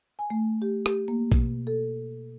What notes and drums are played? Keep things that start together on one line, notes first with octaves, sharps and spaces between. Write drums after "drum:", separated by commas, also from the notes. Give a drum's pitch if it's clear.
G#5
A3
G4
G4, drum: rim click
A#3
B2, drum: kick A#1
A4